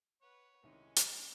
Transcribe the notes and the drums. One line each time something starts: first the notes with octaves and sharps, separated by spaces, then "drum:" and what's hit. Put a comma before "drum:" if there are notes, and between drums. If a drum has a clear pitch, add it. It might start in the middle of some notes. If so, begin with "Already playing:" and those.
B4 C#5 F#5
C2 D#3 G#3 C#4 E4
A#4 G#5 A5, drum: hi-hat